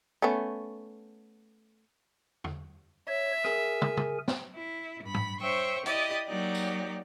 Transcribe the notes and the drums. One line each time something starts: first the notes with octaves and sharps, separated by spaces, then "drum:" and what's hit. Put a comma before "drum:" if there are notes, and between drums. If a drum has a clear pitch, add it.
A3 B3 C#4
drum: tom E2
C#5 E5
G#4 A#4 G#5, drum: rim click
drum: tom
drum: tom
drum: snare
E4
G2 B5
drum: tom G#2
C5 C#5 E5 G5 C#6
E4 G4 D5 D#5 D#6, drum: hi-hat
F#3 A#3 D#4 G4 D5
drum: tambourine